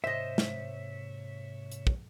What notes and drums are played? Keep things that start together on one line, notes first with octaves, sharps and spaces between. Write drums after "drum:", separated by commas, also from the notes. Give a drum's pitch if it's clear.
G#2 C3 C5 C#5 D#5 E5
drum: snare
drum: hi-hat
drum: kick